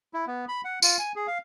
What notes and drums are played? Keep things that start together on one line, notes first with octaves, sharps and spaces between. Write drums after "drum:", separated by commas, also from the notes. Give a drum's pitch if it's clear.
E4
B3
B5
F#5
F4, drum: tambourine
G#5
G#4
F5